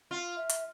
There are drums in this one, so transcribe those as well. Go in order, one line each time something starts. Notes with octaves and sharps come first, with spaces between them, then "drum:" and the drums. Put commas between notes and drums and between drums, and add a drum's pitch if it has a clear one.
F4
E5
drum: hi-hat